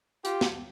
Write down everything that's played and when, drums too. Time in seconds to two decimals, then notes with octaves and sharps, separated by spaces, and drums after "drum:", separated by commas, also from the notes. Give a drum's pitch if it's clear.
0.25 F4 G4, drum: hi-hat
0.41 drum: snare